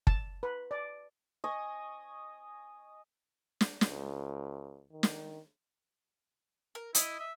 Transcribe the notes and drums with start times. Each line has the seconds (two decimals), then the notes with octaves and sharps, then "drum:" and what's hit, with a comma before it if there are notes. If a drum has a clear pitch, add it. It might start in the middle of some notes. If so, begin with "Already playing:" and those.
0.07 A5, drum: kick
0.43 B4
0.71 D5
1.44 D#5 G#5 C#6 D#6
3.61 drum: snare
3.81 C#2, drum: snare
4.93 D#3
5.03 drum: snare
6.75 A#4
6.95 E4 D#5, drum: hi-hat
7.20 E5